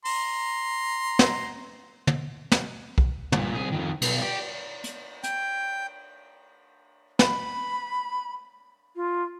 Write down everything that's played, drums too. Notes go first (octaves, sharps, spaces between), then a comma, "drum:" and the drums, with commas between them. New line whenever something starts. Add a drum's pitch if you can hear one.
A#5 C6, drum: open hi-hat
drum: snare
drum: tom
drum: snare
drum: kick
G2 A#2, drum: tom
C2 G#4
F2 D#3
B1, drum: cymbal
G4
drum: hi-hat
G5, drum: hi-hat
B5, drum: snare
F4